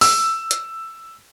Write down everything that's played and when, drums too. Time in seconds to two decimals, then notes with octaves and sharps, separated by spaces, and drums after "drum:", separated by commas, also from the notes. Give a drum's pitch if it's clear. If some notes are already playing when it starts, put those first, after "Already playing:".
0.01 E6, drum: open hi-hat
0.51 drum: hi-hat